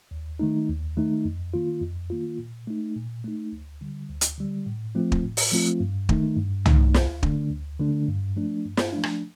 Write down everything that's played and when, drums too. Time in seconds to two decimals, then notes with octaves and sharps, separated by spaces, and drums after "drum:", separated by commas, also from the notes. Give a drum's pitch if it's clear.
0.11 D#2
0.39 D#3 A3 D#4
0.68 D#2
0.97 D#3 A3 D#4
1.25 F2
1.54 D#3 A#3 F4
1.82 F2
2.10 D#3 A#3 F4
2.39 A#2
2.68 A3 D#4
2.96 A#2
3.24 A3 D#4
3.52 D2
3.81 D3 G3
4.10 D2
4.21 drum: hi-hat
4.38 D3 G3
4.66 A2
4.95 F3 A3 C4 F4
5.12 drum: kick
5.23 A2
5.37 drum: open hi-hat
5.51 F3 A3 C4 F4
5.80 G2
6.09 D#3 A3 D#4, drum: kick
6.37 G2
6.66 D#3 A3 D#4, drum: tom
6.94 D2, drum: snare
7.23 D3 A3 D4, drum: kick
7.51 D2
7.79 D3 A3 D4
8.08 G2
8.36 F3 A3 D4
8.65 G2
8.77 drum: snare
8.93 F3 A3 D4
9.03 drum: rim click